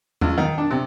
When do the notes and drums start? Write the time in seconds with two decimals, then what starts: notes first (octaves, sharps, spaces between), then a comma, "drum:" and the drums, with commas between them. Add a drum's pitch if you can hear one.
0.21 C#2, drum: tom E2
0.38 D#3
0.58 D4
0.71 C3